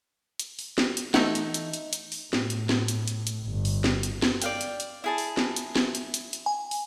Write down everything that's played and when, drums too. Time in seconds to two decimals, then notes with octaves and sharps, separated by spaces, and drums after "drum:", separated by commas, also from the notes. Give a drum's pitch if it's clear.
0.39 drum: hi-hat
0.59 drum: open hi-hat
0.78 drum: snare
0.97 drum: hi-hat
1.14 E3 A3 D#4 E5 F#5, drum: snare
1.35 drum: hi-hat
1.54 drum: hi-hat
1.74 drum: hi-hat
1.93 drum: hi-hat
2.12 drum: open hi-hat
2.33 A2, drum: snare
2.50 drum: hi-hat
2.69 drum: snare
2.88 drum: hi-hat
3.08 drum: hi-hat
3.27 drum: hi-hat
3.45 G1
3.65 drum: open hi-hat
3.84 drum: snare
4.03 drum: hi-hat
4.22 drum: snare
4.42 D5 F5 G5, drum: hi-hat
4.61 drum: hi-hat
4.80 drum: hi-hat
5.04 E4 G#4 A5
5.18 drum: open hi-hat
5.37 drum: snare
5.56 drum: hi-hat
5.76 drum: snare
5.95 drum: hi-hat
6.14 drum: hi-hat
6.33 drum: hi-hat
6.46 G#5
6.71 drum: open hi-hat